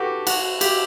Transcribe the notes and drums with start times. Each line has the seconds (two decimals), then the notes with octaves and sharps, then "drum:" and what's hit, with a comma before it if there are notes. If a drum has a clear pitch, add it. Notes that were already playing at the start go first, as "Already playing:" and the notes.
Already playing: F#4 G4 A4 B4
0.27 F#4, drum: cymbal
0.61 G4, drum: cymbal